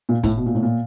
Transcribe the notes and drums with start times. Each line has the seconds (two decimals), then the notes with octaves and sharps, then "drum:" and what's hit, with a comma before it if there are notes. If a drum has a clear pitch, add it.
0.09 A#2
0.23 A2, drum: kick, hi-hat
0.37 B2
0.46 A#2
0.55 A2
0.63 A#2